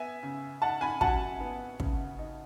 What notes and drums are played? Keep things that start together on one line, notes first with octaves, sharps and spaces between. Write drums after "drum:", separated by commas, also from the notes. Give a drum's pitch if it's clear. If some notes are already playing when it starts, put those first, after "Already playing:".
Already playing: B3 E5 G#5
C#3
D#4 F#5 A5
G#5 B5
F#3 F#5 A5, drum: kick
B3
C#3, drum: kick
D#4